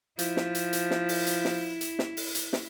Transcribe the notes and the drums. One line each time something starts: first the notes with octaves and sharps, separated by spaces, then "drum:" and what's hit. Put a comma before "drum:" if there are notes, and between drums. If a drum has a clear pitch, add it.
F3 E4, drum: hi-hat
drum: snare
drum: hi-hat
drum: hi-hat
drum: snare
drum: open hi-hat
drum: hi-hat
drum: snare
drum: hi-hat
drum: snare
drum: open hi-hat
drum: hi-hat
drum: snare